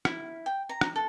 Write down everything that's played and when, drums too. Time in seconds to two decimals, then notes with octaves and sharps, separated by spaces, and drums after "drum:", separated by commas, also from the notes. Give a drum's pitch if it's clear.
0.05 E4, drum: rim click
0.46 G5
0.69 A#5
0.81 drum: rim click
0.96 A4